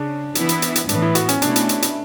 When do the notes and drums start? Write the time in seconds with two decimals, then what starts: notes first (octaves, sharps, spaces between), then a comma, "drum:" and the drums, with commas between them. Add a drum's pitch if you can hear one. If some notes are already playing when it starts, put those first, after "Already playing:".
Already playing: C#3 D4
0.35 E3 B3 E4, drum: hi-hat
0.49 drum: hi-hat
0.62 drum: hi-hat
0.75 drum: hi-hat
0.89 A2 E3 B3 D4, drum: hi-hat
1.02 E4
1.15 F#4, drum: hi-hat
1.29 C#4, drum: hi-hat
1.42 B2 A3 C#4 D4 E4, drum: hi-hat
1.56 drum: hi-hat
1.69 drum: hi-hat
1.82 drum: hi-hat